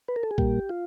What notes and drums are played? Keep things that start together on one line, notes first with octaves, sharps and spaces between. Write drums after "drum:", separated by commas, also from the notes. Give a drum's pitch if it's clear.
B4
A#4
A4
G#4
A#2 G3 A#3 G4, drum: kick
F4